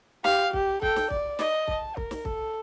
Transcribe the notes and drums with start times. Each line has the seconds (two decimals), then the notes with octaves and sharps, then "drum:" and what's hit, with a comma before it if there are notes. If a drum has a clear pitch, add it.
0.24 G4 F5, drum: snare
0.53 G4, drum: kick
0.82 A4 G5, drum: kick
0.96 drum: snare
1.10 D5, drum: kick
1.39 D#5, drum: snare
1.68 A5, drum: kick
1.97 A#4, drum: kick
2.11 drum: snare
2.25 A4, drum: kick